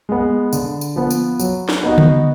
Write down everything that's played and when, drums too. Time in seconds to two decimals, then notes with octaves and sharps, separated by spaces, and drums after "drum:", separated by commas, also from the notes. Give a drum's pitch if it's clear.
0.09 G#3 B3
0.53 D3, drum: tambourine
0.81 drum: tambourine
0.96 F3 B3
1.11 drum: tambourine
1.40 F#3, drum: tambourine
1.69 drum: snare
1.83 B3 D#4 F#4
1.98 drum: tom C#3